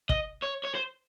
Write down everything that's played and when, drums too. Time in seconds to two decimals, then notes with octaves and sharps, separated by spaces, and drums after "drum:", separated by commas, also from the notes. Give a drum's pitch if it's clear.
0.09 D#5, drum: kick
0.42 C#5
0.64 C#5
0.74 C5